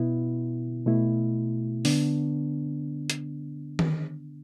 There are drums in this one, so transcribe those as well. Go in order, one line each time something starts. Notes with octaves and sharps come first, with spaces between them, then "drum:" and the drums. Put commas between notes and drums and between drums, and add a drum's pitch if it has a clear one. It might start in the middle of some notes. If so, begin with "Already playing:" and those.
Already playing: B2 B3 E4
B2 A3 E4
D3 B3 D4, drum: open hi-hat
drum: hi-hat
drum: tom D#3